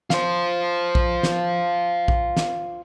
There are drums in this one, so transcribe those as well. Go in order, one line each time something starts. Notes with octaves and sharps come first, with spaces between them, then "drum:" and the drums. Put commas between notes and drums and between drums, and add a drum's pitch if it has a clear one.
F4 C5, drum: snare
drum: kick A#1
drum: snare
drum: kick A#1
drum: snare